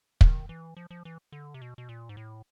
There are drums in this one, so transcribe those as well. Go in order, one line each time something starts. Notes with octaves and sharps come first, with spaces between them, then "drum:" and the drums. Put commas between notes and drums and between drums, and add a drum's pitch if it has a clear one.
D#3, drum: kick
E3
F3
F3
E3
D3
C3
B2
B2
A#2
G#2
A2